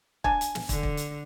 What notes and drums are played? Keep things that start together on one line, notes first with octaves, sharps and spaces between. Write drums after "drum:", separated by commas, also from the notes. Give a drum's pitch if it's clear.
D4 G#5, drum: kick
drum: hi-hat
drum: snare
D3, drum: kick, hi-hat
drum: kick
drum: hi-hat